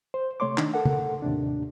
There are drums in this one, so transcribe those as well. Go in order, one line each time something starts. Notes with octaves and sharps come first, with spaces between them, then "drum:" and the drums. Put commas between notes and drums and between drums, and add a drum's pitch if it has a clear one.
C5
C3 A3 C#5 C6 D6
D#3 D4 D#4, drum: clap
A4 A#4 F#5
drum: tom
D#2 A2 C3 D4